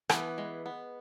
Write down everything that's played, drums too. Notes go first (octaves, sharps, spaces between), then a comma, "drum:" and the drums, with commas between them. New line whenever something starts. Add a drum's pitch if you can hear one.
E3 B3, drum: rim click
G#3
B3